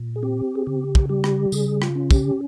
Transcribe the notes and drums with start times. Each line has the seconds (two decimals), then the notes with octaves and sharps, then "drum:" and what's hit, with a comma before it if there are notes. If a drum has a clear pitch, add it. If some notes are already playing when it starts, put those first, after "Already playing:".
Already playing: A#2
0.16 G#4
0.23 C4 G4
0.55 G#4
0.67 C#3 G4
0.95 drum: kick
1.09 G3 G4
1.24 drum: rim click
1.52 C#3 G#4, drum: tambourine
1.82 F4, drum: rim click
1.95 C#4
2.11 G4, drum: kick, tambourine